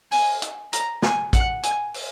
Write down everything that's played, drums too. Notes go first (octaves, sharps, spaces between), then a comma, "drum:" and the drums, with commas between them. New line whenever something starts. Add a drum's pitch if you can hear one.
G#5, drum: open hi-hat
drum: hi-hat
A#5, drum: hi-hat
G#5, drum: snare
F#5, drum: kick A1, hi-hat
G#5, drum: hi-hat
drum: open hi-hat